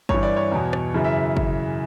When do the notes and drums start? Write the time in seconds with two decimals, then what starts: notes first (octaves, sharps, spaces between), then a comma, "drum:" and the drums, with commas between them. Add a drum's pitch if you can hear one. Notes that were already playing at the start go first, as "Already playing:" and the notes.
0.09 G2 E3 C#5, drum: kick
0.23 D5
0.36 C#5
0.52 E2 B2
0.73 drum: rim click
0.94 F#2 C#3 E3
1.04 E5
1.37 drum: kick